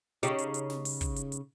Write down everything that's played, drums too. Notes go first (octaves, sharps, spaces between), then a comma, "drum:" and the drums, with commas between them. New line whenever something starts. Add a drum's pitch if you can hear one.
C#3 D#4 G4, drum: hi-hat
drum: hi-hat
drum: hi-hat
drum: snare
drum: open hi-hat
drum: kick, hi-hat
drum: hi-hat
drum: hi-hat